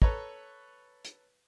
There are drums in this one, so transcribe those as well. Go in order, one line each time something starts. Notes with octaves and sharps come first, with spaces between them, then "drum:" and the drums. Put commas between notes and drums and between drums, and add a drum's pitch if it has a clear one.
A4 B4 C#5 A#5, drum: kick
drum: hi-hat